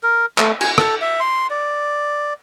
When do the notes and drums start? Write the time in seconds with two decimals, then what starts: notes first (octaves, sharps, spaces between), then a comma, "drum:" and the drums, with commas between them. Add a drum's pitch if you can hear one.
0.03 A#4
0.38 A3, drum: clap
0.61 G#5, drum: cymbal
0.78 A4, drum: rim click
1.02 E5
1.20 C6
1.51 D5